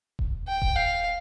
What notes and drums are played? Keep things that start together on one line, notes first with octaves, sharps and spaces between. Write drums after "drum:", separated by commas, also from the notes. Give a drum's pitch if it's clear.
drum: kick D#1
G5
drum: kick D#1
F5